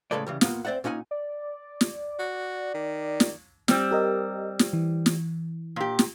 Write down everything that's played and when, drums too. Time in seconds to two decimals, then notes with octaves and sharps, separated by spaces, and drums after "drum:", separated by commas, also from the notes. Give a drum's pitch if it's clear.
0.11 A2 C#3 G#3 A4 B4 D5
0.27 C#3 E3 G3
0.41 A#2 B3 F4, drum: snare
0.65 C4 C5 D5 E5 F#5
0.84 A#2 C#4 D#4 F#5 G#5
1.11 D5
1.81 drum: snare
2.19 F#4
2.74 D#3
3.20 drum: snare
3.68 G3 C4, drum: snare
3.91 G4 A#4 D#5
4.59 drum: snare
4.73 E3
5.06 drum: snare
5.76 A#2 G4
5.99 drum: snare